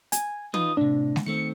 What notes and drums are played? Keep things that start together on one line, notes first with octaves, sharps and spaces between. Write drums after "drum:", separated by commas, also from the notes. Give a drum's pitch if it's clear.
G#5, drum: hi-hat
D#4 F4 B4 D#6, drum: tom
A2 C3 D4
drum: snare
D#3 A3 C4 C#7